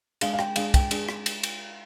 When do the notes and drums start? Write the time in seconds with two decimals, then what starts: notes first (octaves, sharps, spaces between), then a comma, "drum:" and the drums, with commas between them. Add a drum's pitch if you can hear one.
0.21 G#3 D4 G#4 F5, drum: cymbal
0.33 F5
0.39 G5, drum: rim click
0.56 G#3 D4 G#4 F5, drum: cymbal
0.74 G5, drum: kick, cymbal
0.91 G#3 D4 G#4, drum: cymbal
1.09 drum: rim click
1.26 drum: cymbal
1.43 drum: cymbal